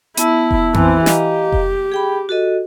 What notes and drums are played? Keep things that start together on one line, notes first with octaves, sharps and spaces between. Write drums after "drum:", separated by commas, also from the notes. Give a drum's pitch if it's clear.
B3 E4 A5 E6, drum: hi-hat
drum: kick F1
E3 C4, drum: tom F2
G4 D#5 F5 A#5, drum: snare
drum: kick F1
G#4 G5 B5
F#4 A4 D#5